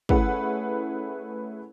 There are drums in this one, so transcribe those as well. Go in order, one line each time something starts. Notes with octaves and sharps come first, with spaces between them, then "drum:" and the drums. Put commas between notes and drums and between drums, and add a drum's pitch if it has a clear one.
A3 C#4 E4 G#4 B4 F#5, drum: kick